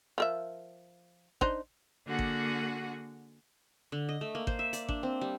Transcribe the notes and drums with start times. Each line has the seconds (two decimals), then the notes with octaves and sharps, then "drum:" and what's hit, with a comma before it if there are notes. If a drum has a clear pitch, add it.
0.18 F3 A#4 E5
1.41 D4 D#4 C5, drum: kick
2.07 D3 A#3 F#4 G#4 F#5
2.19 drum: kick
3.92 D3
4.09 D#5
4.21 A3
4.35 A#3
4.47 C5, drum: kick
4.59 E5
4.73 D5, drum: hi-hat
4.89 D4, drum: kick
5.03 C4
5.21 G3